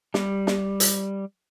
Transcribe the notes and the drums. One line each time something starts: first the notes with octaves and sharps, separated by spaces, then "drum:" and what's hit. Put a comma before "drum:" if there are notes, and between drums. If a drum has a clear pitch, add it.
G3, drum: snare
drum: snare
drum: hi-hat